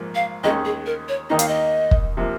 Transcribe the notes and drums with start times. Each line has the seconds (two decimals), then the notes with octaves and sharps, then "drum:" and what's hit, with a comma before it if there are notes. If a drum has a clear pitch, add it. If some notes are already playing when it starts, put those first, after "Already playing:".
Already playing: A#1 G#2 A#3
0.15 F5
0.43 D#2 D#3 G#3 C#4 D#5
0.65 G#4
0.86 A#4
1.09 C#5
1.30 D#2 D#3 A#3 D#4 D#5
1.39 F5, drum: hi-hat
1.48 D#5
1.91 drum: kick
2.17 C3 F3 A#3